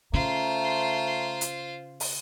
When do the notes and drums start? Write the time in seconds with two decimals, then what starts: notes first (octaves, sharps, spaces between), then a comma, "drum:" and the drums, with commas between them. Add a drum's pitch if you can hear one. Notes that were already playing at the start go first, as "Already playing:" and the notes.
0.13 C#3 A3 F4 C5 A#5
1.41 drum: hi-hat
2.00 drum: open hi-hat